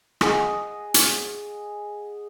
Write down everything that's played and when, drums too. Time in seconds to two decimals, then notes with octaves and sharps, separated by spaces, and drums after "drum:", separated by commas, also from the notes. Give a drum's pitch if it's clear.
0.21 G#4 D#5 F#5, drum: rim click
0.94 drum: hi-hat